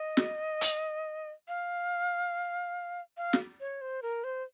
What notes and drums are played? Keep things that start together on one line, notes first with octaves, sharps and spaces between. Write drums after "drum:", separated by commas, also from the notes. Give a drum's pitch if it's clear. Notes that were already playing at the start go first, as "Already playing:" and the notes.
Already playing: D#5
drum: snare
drum: hi-hat
F5
F5
drum: snare
C#5
C5
A#4
C5